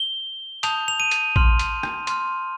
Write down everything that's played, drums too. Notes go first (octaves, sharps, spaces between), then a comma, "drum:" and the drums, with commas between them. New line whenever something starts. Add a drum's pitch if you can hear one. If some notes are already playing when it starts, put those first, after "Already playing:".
Already playing: G7
A5 D#6 G6 F7, drum: hi-hat
F7
D#7
drum: hi-hat
C6 F6, drum: kick A1
drum: hi-hat
drum: rim click
C6 F6, drum: hi-hat